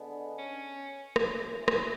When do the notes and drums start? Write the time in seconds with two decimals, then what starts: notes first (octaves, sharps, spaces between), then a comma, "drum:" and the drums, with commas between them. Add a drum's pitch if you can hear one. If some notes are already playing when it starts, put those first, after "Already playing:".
Already playing: D3 G#3 B3 D4
0.38 C#4
1.16 drum: rim click
1.42 F#2 C#3 E3 A3
1.68 drum: rim click